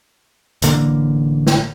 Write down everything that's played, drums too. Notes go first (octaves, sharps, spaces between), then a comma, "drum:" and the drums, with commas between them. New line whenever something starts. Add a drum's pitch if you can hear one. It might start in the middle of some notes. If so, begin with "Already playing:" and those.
A1 D3 A#3, drum: hi-hat
drum: snare